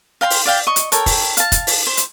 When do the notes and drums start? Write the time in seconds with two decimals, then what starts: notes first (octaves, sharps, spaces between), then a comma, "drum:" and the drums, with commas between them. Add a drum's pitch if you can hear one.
0.21 F5 G5 A#5 C6
0.30 drum: open hi-hat
0.46 D5 F5 G5
0.67 D#5 C#6
0.76 drum: hi-hat
0.92 A4 A#4 C#5 G5, drum: hi-hat
1.06 drum: kick, open hi-hat
1.37 F5 A5, drum: hi-hat
1.52 drum: kick, hi-hat
1.67 drum: open hi-hat
1.87 C5
1.97 drum: hi-hat